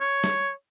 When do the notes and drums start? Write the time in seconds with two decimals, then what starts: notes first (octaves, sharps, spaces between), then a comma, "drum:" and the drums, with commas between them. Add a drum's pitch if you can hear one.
0.01 C#5
0.24 drum: snare